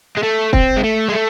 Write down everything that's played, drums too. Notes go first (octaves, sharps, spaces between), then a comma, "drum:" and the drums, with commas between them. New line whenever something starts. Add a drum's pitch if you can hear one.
G#3
A3
C4, drum: kick
G#3
A3
G#3
A3